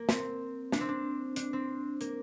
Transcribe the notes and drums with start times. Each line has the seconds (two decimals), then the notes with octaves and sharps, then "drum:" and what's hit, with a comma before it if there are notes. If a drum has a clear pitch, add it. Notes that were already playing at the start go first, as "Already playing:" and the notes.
Already playing: A#3
0.09 C4, drum: snare
0.72 D4, drum: snare
0.81 C4
0.89 D4
1.36 D4, drum: hi-hat
1.53 C4
2.01 A#3, drum: hi-hat